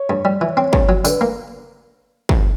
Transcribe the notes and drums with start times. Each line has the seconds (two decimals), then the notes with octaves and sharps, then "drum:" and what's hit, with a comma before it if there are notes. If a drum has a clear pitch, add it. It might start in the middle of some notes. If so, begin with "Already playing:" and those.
Already playing: C#5
0.10 G2
0.25 G3
0.41 E3 C#5
0.57 C4
0.73 G2, drum: kick
0.89 F#3
1.05 D3 B4, drum: tambourine
1.21 A#3
2.29 drum: kick